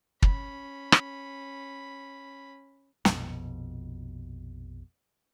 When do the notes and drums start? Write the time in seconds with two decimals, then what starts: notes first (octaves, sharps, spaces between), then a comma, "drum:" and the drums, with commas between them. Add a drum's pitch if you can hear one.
0.22 C#4 B5, drum: kick
0.92 drum: rim click
3.05 A#1 F2 B2, drum: snare